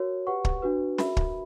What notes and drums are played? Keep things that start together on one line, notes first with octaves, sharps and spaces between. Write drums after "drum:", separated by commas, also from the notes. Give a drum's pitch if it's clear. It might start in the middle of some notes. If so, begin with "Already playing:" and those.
Already playing: F#4 A#4 C#5
G4 B4 F#5 C#6
drum: kick
D4 F#4 B4
F#4 A#4 E5 B5, drum: snare
drum: kick